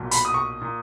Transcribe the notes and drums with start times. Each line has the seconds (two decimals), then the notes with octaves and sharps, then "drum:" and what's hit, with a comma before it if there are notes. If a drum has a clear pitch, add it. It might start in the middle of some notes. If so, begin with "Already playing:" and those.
Already playing: B1 A#2
0.11 B5, drum: hi-hat
0.25 D#6
0.34 C#6
0.62 A#2